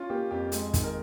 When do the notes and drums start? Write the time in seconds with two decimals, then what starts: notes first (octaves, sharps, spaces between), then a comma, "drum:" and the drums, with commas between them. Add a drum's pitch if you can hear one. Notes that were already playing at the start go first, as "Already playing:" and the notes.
Already playing: C#4 F4
0.10 A#3 G4
0.31 F2 G4
0.52 G#3, drum: hi-hat
0.74 D#3, drum: kick, hi-hat
0.84 A#4